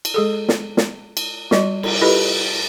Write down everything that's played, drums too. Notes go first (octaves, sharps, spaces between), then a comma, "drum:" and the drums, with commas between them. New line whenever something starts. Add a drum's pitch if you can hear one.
drum: cymbal
G#3 G#4 A4
drum: snare
drum: snare
drum: cymbal
G3 F#4 D#5, drum: snare
drum: cymbal
E4 F4 G4 A4 B4 D#5